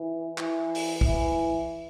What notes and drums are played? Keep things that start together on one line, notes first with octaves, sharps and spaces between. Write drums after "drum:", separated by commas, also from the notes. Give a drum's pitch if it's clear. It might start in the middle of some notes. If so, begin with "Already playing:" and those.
Already playing: E3
E3, drum: clap
drum: open hi-hat
E3, drum: kick